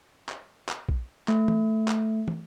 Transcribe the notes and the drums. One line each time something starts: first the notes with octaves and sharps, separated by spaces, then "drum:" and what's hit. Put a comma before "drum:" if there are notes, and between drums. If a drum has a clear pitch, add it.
drum: clap
drum: clap
drum: kick A#1
A3, drum: clap
drum: tom
drum: clap
drum: tom